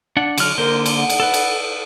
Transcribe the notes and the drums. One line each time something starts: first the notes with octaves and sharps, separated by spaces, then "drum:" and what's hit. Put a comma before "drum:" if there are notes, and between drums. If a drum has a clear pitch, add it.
D4 F#5
D3 F#3 F6, drum: cymbal
D3 A#3 A#4 C5
drum: cymbal
F#5
drum: cymbal
A4 B4
drum: cymbal